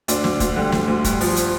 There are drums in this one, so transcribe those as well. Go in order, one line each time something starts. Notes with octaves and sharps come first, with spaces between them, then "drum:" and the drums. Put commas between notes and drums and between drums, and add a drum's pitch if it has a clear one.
D2 D4, drum: hi-hat
D2, drum: snare
D2, drum: kick, hi-hat
D3 G3
D2, drum: snare
D2
G2, drum: kick, hi-hat
F3, drum: open hi-hat
drum: hi-hat